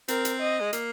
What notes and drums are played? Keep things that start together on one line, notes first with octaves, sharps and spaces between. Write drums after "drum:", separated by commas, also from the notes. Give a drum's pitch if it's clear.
C4 A#4, drum: hi-hat
drum: hi-hat
D#5
G#3
A#3, drum: hi-hat